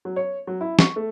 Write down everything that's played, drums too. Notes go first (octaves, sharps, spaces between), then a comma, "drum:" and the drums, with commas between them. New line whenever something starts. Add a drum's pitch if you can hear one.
F#3
C#5
F#3
E4
C#6, drum: snare
A3